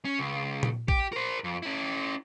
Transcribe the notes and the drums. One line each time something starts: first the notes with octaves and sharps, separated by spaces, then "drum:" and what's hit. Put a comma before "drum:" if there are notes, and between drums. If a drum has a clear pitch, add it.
C#4
C#2
drum: tom A#2
G4, drum: kick A#1
A#4 C5
F2
C#4 E4